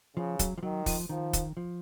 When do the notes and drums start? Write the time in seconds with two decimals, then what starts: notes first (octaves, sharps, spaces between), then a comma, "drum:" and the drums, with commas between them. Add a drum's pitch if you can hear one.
0.17 C#3 F3
0.39 F#3, drum: kick, hi-hat
0.58 F3
0.63 D#3 F#3
0.86 F3, drum: kick, open hi-hat
1.09 D#3 F3
1.33 drum: kick, hi-hat
1.57 F3